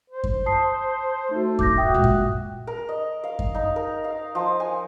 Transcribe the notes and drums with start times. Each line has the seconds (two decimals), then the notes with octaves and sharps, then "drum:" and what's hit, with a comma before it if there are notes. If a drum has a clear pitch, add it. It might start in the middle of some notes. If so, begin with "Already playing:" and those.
0.10 C5
0.24 drum: kick F#2
0.46 A5 D#6 C7
1.31 A3 D#4 F#4
1.59 D1 D6 G6 A#6, drum: kick F#2
1.76 F#4 E5 G5 D#6
1.94 A#2 G#3
2.04 drum: kick F#2
2.67 A#4
2.89 D#5
3.24 F5
3.39 drum: kick F#2
3.55 D#4
3.76 A#4
4.04 F5
4.35 F3
4.60 G#5